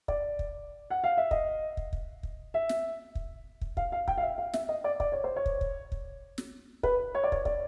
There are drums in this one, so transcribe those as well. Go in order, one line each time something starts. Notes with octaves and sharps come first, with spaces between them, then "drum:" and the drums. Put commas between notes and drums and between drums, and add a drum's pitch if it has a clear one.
D5, drum: kick
drum: kick
F#5
F5
E5
D#5, drum: kick
drum: kick
drum: kick
drum: kick
E5
drum: snare
drum: kick
drum: kick
F5, drum: kick
F5
G5, drum: kick
F5
E5
F5
E5, drum: snare
D#5
D5
D5, drum: kick
C#5
C5
C#5
drum: kick
drum: kick
drum: kick
drum: snare
B4, drum: kick
C#5
D5
C#5, drum: kick
D5, drum: kick